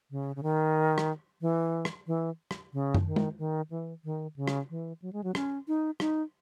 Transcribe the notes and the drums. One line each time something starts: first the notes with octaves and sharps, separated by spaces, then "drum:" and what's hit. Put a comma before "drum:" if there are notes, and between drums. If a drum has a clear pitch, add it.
C#3
C#3
D#3
drum: rim click
E3
drum: rim click
E3
drum: rim click
C#3
drum: tom
D#3
drum: tom
D#3
E3
D#3
C#3
drum: rim click
E3
F#3
G#3
F#3
C#4, drum: rim click
D#4
D#4, drum: rim click